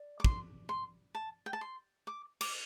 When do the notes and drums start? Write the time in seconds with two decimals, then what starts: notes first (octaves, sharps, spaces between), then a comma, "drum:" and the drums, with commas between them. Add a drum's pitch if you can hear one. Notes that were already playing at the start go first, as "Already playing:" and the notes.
Already playing: D5
0.20 D6
0.24 C6, drum: kick
0.69 C6
1.15 A5
1.46 G5
1.53 A5
1.61 C6
2.07 D6
2.41 D6, drum: cymbal